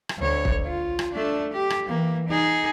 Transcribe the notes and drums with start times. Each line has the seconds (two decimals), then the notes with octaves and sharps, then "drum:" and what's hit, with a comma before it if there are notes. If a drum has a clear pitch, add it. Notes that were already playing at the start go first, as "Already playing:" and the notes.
0.09 drum: rim click
0.18 D2 C#5
0.45 drum: kick
0.66 F4
0.99 drum: rim click
1.13 A3 D4
1.52 G4
1.70 drum: rim click
1.87 E3 A#3
2.28 D#4 G#4